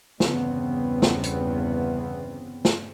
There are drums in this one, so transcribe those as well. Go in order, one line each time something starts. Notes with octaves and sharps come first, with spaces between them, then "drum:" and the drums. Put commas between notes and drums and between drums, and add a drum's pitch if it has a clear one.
G1 E2 G2 C#3 B3 C4, drum: snare
drum: snare
drum: hi-hat
drum: snare